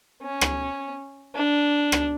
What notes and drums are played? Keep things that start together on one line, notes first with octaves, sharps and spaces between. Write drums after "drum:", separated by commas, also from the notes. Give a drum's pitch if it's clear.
C#4
drum: rim click
D4
drum: rim click